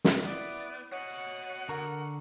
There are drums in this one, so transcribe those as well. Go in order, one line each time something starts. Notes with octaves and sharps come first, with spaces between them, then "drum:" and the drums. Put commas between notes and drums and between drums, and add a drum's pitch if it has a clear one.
drum: snare
B3 E4 D5
F#4 C#5 D#5 F#5
D3 A#4 A#5 C#6